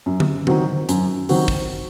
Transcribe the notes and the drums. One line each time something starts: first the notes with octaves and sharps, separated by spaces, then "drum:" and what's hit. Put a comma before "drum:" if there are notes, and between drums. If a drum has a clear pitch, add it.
F#2
drum: tom D3
D#3 F#3 C4 F#4, drum: tom D3
F#2, drum: hi-hat
D#3 F#3 C4 F#4, drum: open hi-hat
drum: kick